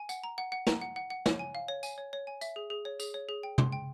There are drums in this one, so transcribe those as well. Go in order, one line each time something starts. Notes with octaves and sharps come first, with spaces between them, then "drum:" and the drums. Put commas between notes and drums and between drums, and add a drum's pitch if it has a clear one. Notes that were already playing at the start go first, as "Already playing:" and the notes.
Already playing: G#5
F#5, drum: tambourine
A#5
F#5
F#5
A#5, drum: snare
F#5
F#5
F#5
C#5, drum: snare
G#5
F5
C#5
G#5, drum: tambourine
C#5
C#5
G#5
E5, drum: tambourine
G#4
G#4
C#5
G#4, drum: tambourine
C#5
G#4
G5
C6, drum: tom
G5